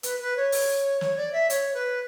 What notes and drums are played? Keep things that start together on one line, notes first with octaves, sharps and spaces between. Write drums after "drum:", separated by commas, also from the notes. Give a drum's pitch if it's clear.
B4, drum: hi-hat
B4
C#5
drum: open hi-hat
C#5, drum: snare
D5
E5
C#5, drum: hi-hat
B4